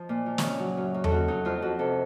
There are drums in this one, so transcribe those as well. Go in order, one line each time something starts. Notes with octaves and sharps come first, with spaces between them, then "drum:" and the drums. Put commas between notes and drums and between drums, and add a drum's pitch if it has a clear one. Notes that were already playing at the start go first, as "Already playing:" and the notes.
Already playing: F3 C5 D#5
A#2
F3
C#3 C#5 D#5, drum: snare
F#3
F#2
F#2
A4, drum: tom E2
C#3 F#4
F#3 D#4
F2 F4
F2 F#4
C3 A4